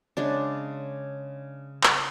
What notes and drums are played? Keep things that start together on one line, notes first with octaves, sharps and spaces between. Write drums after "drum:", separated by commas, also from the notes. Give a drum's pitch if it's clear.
C#3 G#3 D4
drum: clap